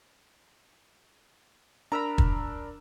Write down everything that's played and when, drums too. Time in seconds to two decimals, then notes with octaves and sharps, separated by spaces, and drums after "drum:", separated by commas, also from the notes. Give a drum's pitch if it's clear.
1.92 D4 A#4 A#5 B5 E6
2.18 drum: kick